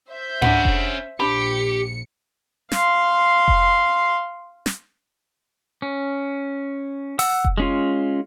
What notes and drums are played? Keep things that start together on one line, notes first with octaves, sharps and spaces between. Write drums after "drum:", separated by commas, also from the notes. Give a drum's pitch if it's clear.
C5 E5 G6
C#4 D4 F4 F#5 B5, drum: tom G#2
drum: kick F1
A#1 D4 G4 C5 B5 C#7
F5 C6, drum: snare
drum: kick F1
drum: snare
C#4
F#5 E6, drum: open hi-hat
drum: kick F1
G#3 C#4 F4